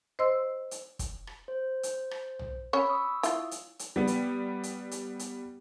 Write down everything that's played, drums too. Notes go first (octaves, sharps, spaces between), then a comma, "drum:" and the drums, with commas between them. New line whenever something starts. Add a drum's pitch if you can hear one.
C5 D#5 C6 E6
drum: hi-hat
drum: kick, hi-hat
drum: rim click
C5
drum: hi-hat
drum: rim click
drum: tom
C#4 C#5 B5 E6
C#6 D#6 E6
E4 F4, drum: hi-hat
drum: hi-hat
drum: hi-hat
G3 B3
drum: hi-hat
drum: hi-hat
drum: hi-hat
drum: hi-hat